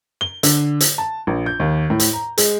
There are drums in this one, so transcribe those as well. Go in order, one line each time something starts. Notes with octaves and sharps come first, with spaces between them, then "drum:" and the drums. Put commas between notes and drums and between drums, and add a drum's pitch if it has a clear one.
G7
D3, drum: hi-hat
drum: hi-hat
A5
A#1
G6
D#2
A2
drum: hi-hat
A#5
G#3, drum: hi-hat